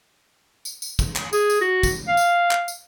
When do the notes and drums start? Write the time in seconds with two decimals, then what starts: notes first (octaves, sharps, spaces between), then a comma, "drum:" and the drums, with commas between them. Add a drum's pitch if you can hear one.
0.65 drum: tambourine
0.82 drum: tambourine
0.99 drum: kick, tambourine
1.16 drum: clap
1.33 G#4, drum: tambourine
1.50 drum: tambourine
1.61 F#4
1.83 drum: kick, tambourine
2.08 F5
2.17 drum: tambourine
2.51 drum: clap
2.68 drum: tambourine